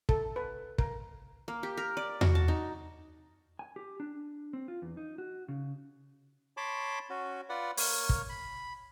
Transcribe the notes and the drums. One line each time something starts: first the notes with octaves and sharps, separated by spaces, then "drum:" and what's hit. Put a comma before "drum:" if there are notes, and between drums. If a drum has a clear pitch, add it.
A4, drum: kick
B4
A#4, drum: kick
A#3
G4
A#4
D5
F#4, drum: tom E2
A5
D#4
G#5
G4
D4
C4
F4
E2
D#4
F#4
C#3
C#5 A5 B5 C6 D6
C#4 F#4
F4 B4 D5 F#5
A#3 C#5, drum: open hi-hat
drum: kick
B5